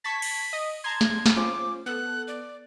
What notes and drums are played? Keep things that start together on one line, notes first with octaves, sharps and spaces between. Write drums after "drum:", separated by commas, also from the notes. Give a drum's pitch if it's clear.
A5 C#6 G#6 B6
drum: cymbal
D#5 D#6
A5 A#5 C6 G#6
drum: snare
drum: snare
C#4 F4 C5 D6
B3 A4 F#6
D5